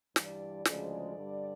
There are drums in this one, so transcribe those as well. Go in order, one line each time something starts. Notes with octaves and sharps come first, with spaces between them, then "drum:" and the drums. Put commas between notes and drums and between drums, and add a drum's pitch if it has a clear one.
G2 E3 G3 D5, drum: snare
D2 C#3 F3 G#3 D5, drum: snare
G2 D3 G3